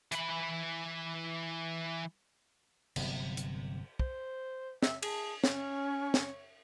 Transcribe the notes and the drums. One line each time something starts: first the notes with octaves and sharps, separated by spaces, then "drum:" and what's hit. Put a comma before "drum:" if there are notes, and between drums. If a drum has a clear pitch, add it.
E3 B5, drum: hi-hat
G1 C3 F#3 B3, drum: cymbal
drum: hi-hat
C5, drum: kick
E5, drum: snare
G#4 A5, drum: cymbal
C#4 C#5, drum: snare
drum: snare